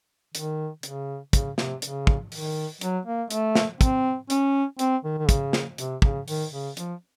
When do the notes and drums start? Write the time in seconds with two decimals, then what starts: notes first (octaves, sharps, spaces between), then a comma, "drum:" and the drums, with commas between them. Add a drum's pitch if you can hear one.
0.35 D#3, drum: hi-hat
0.83 C#3, drum: hi-hat
1.33 C#3, drum: kick, hi-hat
1.58 C3, drum: snare
1.82 C#3, drum: hi-hat
2.07 drum: kick
2.32 D#3, drum: open hi-hat
2.81 F#3, drum: hi-hat
3.06 A#3
3.30 A3, drum: hi-hat
3.55 drum: snare
3.81 C4, drum: kick, hi-hat
4.30 C#4, drum: hi-hat
4.79 C4, drum: hi-hat
5.04 D#3
5.18 D#3
5.29 C#3, drum: kick, hi-hat
5.53 drum: snare
5.78 C3, drum: hi-hat
6.02 C#3, drum: kick
6.28 D#3, drum: open hi-hat
6.52 C#3
6.77 F3, drum: hi-hat